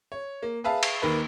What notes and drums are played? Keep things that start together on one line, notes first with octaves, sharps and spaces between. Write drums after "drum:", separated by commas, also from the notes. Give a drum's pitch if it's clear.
C#5
A#3
G#4 B4 E5 F5 A5
drum: cymbal
D#2 A#3 B4